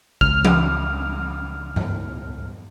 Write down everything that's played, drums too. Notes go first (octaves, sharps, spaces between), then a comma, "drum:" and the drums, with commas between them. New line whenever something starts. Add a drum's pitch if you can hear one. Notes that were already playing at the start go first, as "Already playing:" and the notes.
C#2 F6, drum: kick A1
drum: tom E3
drum: tom G2